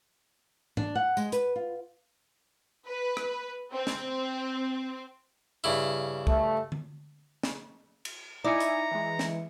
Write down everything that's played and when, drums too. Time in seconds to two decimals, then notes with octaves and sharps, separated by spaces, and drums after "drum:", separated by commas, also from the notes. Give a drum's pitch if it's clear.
0.77 D4, drum: tom G#2
0.95 F#5
1.17 G#3, drum: tambourine
1.32 B4, drum: hi-hat
1.56 F4
2.87 B4
3.17 drum: rim click
3.73 C4
3.87 drum: snare
5.64 G2 C#3 E4
6.27 A3, drum: kick
6.72 drum: tom D3
7.43 drum: snare
8.05 drum: cymbal
8.44 D#4 E4 D5 E5 G#5 A#5 C#7
8.60 drum: hi-hat
8.91 E3 G#3
9.19 drum: snare